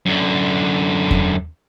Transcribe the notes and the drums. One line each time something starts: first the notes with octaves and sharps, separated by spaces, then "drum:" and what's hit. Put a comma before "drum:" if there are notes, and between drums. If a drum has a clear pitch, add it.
F#2 D3
drum: kick E2